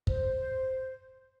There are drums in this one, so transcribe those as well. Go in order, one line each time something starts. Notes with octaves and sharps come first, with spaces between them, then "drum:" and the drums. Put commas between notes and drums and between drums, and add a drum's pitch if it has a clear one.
C5, drum: kick